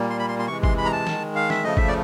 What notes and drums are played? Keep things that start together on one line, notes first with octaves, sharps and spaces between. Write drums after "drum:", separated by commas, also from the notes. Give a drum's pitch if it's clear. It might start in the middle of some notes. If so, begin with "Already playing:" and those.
Already playing: A#2 G3 A#3
C6
B5
C6
C6
C3 E3 G#3 C#6
C6, drum: kick G1
B5
A#5
A5
D#3 G#3, drum: snare
F5
E5, drum: snare
C#3 F3 A3 D#5
E5, drum: kick G1
D5